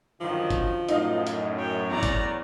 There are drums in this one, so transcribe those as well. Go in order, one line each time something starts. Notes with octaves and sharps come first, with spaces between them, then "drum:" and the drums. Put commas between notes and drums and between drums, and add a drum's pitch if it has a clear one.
F#2 D3 D#3 F3
drum: kick, hi-hat
F#2 A2 D#4 D#5 F5, drum: hi-hat
drum: hi-hat
C#5 G5
E2 D5 A#5
drum: kick, hi-hat